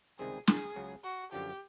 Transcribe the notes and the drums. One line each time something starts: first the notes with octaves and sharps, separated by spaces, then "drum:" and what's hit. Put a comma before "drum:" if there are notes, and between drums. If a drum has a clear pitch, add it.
C#2 C3 D#3 G3 C4 G#4
G#4, drum: snare
C#2 C#3 F#3
F#4
F#2 D3 F3 G4